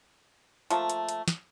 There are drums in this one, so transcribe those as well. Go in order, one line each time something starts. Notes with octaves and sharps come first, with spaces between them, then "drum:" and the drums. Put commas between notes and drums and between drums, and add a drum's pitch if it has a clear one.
F3 A3 A#3, drum: hi-hat
drum: hi-hat
drum: hi-hat
drum: snare